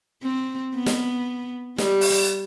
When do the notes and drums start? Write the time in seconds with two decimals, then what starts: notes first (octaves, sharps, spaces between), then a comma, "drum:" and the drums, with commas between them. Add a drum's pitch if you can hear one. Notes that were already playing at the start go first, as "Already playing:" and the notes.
0.23 C4
0.75 B3
0.86 drum: snare
1.78 G3, drum: snare
2.01 drum: open hi-hat